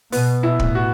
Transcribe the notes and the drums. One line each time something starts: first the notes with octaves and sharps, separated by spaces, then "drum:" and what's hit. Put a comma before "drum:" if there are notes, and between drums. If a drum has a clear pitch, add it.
B2 B3, drum: open hi-hat
E4
A2, drum: kick
F#4